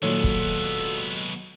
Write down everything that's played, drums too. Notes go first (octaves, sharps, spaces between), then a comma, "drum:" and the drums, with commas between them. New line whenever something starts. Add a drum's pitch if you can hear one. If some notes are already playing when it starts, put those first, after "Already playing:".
A#2 D#3 F#3 G#3 B3 F#4 A4 C#5
drum: kick